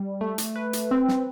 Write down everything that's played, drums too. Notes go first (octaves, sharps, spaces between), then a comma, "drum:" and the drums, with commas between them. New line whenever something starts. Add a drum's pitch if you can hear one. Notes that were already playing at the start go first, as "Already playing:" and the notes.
Already playing: G3
A3
drum: hi-hat
B4
drum: hi-hat
C4
drum: snare